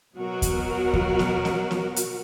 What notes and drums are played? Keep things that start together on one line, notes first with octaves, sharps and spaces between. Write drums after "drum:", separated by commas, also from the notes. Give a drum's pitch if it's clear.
B2 F#3 F#4 A#4
drum: kick D#2, hi-hat
drum: kick D#2
drum: snare B3
drum: snare B3
drum: snare B3
drum: hi-hat